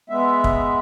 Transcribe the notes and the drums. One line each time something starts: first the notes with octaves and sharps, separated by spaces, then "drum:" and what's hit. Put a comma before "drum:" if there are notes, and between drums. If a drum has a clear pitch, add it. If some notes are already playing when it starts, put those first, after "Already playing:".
G#3 B3 E5
drum: kick